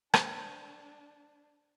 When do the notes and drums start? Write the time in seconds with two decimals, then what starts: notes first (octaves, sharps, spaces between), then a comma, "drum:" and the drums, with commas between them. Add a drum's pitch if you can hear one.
0.14 D4 C5, drum: rim click